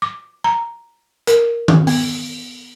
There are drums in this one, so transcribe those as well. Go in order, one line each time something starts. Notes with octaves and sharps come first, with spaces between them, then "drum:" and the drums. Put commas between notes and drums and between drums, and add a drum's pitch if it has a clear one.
D6
A#5
A#4, drum: hi-hat
drum: tom D#3
B3, drum: open hi-hat